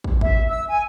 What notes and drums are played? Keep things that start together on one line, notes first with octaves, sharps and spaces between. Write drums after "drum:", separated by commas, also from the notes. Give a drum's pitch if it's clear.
drum: kick
E5, drum: kick
E6
G#5